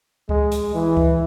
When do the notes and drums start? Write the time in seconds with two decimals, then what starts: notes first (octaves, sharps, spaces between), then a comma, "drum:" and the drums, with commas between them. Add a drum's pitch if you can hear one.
0.29 G#3, drum: kick C#2
0.52 drum: hi-hat
0.75 E3
0.97 drum: kick C#2